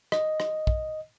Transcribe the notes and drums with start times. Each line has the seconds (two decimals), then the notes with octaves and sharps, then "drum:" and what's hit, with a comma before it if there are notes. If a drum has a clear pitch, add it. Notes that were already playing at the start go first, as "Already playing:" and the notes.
0.12 D#5, drum: rim click
0.40 drum: rim click
0.67 drum: kick